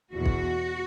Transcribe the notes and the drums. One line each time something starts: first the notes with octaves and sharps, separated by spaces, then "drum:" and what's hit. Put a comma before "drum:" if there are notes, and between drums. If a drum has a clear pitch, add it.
E2 B2 F#4
drum: kick